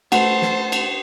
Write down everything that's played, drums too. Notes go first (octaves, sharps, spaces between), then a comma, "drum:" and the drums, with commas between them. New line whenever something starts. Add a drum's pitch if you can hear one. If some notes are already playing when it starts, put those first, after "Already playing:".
A3 F#4 B4 C5 F#5 A5, drum: cymbal
drum: snare
drum: cymbal